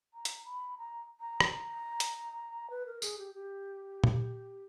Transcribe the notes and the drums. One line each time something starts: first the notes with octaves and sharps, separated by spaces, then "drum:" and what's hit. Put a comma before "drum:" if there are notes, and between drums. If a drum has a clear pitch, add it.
A#5
drum: hi-hat
B5
A#5
A#5
drum: rim click
drum: hi-hat
B4
A#4
G#4, drum: tambourine
G4
G4
drum: tom A#2